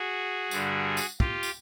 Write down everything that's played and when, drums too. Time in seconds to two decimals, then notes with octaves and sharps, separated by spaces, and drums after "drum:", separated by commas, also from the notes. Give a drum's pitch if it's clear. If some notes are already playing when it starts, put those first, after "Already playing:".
Already playing: F#4 G#4
0.51 G2 D3 G3, drum: tambourine
0.97 drum: tambourine
1.20 F4 G4, drum: kick
1.43 drum: tambourine